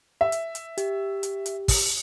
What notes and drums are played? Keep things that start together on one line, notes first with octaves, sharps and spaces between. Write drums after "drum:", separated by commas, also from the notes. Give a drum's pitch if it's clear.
E5
drum: hi-hat
drum: hi-hat
G4, drum: hi-hat
drum: hi-hat
drum: hi-hat
drum: kick, open hi-hat